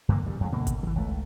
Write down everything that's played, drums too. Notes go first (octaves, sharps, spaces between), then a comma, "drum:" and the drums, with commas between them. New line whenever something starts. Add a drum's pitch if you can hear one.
G2 D3 A#3
C#3 F3 G3
F2 G#3
B2 D3 A#3
drum: kick G#1, hi-hat
D#3 E3
C#2 A3